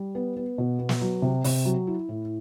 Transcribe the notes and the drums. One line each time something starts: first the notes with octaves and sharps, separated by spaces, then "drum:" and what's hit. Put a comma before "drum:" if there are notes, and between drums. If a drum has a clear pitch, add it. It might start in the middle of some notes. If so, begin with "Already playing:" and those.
Already playing: G3
B3
B3
B2
B3
drum: snare
F#3
C3
C3, drum: open hi-hat
F#3
E4
A2